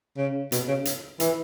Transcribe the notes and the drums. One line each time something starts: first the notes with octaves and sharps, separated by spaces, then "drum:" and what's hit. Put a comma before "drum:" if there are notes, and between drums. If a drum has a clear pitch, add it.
C#3
B2, drum: hi-hat
C#3
drum: hi-hat
E3, drum: hi-hat